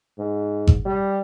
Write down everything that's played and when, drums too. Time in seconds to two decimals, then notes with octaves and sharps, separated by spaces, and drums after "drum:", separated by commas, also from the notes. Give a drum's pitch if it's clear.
0.18 G#2
0.67 drum: kick G#1
0.85 G3